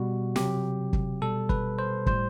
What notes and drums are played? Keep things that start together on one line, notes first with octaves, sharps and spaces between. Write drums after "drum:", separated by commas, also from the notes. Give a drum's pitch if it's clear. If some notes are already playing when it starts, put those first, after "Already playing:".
Already playing: B2 G3 F#4
C3 F#3 G4, drum: snare
drum: kick
B2 G3 A4
B4, drum: kick
C5
A2 G3 C5, drum: kick